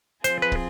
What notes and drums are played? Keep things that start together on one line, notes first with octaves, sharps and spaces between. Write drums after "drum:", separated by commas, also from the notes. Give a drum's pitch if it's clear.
F3 C4 F4 G#4 C5, drum: hi-hat
B4
drum: kick